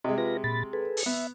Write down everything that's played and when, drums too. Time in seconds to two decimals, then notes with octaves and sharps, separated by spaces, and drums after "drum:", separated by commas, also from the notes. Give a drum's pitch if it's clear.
0.04 C3 G#3 D#5
0.18 F4 B4 A#6
0.44 A#2 B5 A6
0.73 G#4 A4 B4
0.97 drum: open hi-hat
1.06 B3 E5